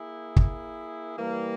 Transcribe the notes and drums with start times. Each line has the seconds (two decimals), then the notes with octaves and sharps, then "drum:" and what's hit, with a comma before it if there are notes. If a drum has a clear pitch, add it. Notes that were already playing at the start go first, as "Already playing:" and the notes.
Already playing: A#3 E4 G#4
0.36 drum: kick
1.18 E3 G3 A#3